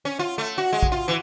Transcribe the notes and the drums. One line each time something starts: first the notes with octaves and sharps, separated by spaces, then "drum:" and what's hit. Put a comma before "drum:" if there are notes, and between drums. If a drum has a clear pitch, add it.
C#4
F4
A3
F#4
G#3
drum: kick
F4
E3